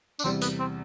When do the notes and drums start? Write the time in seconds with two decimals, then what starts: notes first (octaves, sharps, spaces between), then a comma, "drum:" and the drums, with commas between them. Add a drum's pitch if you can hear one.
0.19 D4, drum: tambourine
0.24 E2 C3 G3 C4
0.41 B3, drum: hi-hat
0.59 C4